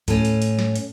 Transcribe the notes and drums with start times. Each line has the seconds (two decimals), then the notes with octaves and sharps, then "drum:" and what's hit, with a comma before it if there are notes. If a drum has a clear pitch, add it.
0.08 A2 C#4, drum: kick D2, hi-hat
0.25 drum: hi-hat
0.42 drum: hi-hat
0.59 drum: snare
0.76 drum: hi-hat